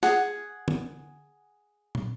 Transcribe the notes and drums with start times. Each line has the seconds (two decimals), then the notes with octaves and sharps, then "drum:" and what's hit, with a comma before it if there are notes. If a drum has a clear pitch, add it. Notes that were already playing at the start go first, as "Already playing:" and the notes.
0.03 G#4 F#5, drum: snare
0.68 drum: tom D3
1.95 drum: tom